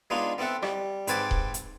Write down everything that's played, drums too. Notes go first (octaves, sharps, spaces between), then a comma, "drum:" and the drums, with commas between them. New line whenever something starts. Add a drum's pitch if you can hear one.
G#3 B3 D4 D#4 F4 G#4
B3 C4 A4 E5 F#5
G3, drum: rim click
G#2 C4 B4 G#5 A5 D6, drum: hi-hat
drum: kick D#1
drum: hi-hat